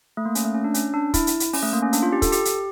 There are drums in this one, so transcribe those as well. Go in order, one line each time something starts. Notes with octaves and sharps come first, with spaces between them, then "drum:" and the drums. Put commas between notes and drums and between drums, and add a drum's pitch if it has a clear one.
A3
A#3
C#4, drum: hi-hat
A3
C#4
D4
C#4, drum: hi-hat
D4
E4, drum: kick, hi-hat
drum: hi-hat
drum: hi-hat
C#4, drum: open hi-hat
A3
A#3
C#4
D4, drum: hi-hat
F4
G4
A4, drum: kick, hi-hat
G4, drum: hi-hat
drum: hi-hat